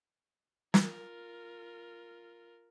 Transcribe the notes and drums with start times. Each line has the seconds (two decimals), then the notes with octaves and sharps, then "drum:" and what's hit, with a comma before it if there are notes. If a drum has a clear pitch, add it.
0.74 F4 A#4, drum: snare